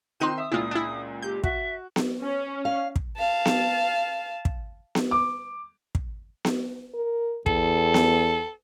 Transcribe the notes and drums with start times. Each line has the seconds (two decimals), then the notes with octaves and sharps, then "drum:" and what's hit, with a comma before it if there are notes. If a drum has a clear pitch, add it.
0.20 D#3 C4 D#4 F4 C6 F#6 D#7
0.38 E5 D#6
0.52 C#2 A#2 E4 F4 D#6
0.71 D4 E4
1.22 G4 G6
1.44 F#4 E5, drum: kick
1.96 drum: snare B3
2.21 C#4
2.65 F5
2.96 drum: kick
3.18 F5 A5
3.45 drum: snare B3
4.45 drum: kick
4.95 drum: snare B3
5.11 D6
5.95 drum: kick
6.45 drum: snare B3
6.94 A#4
7.46 E2 A4, drum: kick
7.94 drum: snare B3